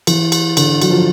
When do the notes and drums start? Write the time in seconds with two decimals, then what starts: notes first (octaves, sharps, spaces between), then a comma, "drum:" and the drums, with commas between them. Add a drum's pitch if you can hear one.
0.07 E3, drum: cymbal
0.32 drum: cymbal
0.57 D3, drum: cymbal
0.82 F#3, drum: cymbal
0.90 F3